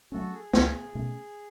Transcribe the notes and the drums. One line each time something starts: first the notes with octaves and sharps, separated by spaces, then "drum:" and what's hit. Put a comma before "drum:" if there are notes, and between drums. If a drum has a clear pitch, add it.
F#3 A3 C#4 F#4 A4
G#4
C#2 G#4, drum: snare
B2 A3 C#4